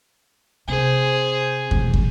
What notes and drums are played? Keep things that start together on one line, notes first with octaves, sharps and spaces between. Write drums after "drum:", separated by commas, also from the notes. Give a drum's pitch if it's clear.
C3 G#4 C5
A1 B2, drum: kick
drum: kick